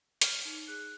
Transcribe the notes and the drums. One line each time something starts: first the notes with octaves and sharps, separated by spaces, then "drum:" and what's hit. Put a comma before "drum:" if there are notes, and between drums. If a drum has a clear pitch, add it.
C#5 F6, drum: hi-hat
D#4
G#4 F#6